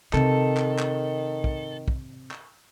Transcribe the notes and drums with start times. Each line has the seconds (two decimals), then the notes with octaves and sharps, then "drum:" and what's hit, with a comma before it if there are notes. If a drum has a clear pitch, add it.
0.13 C3 D#3 A4, drum: clap
0.57 drum: clap
0.79 drum: clap
1.44 drum: kick
1.88 drum: kick
2.31 drum: clap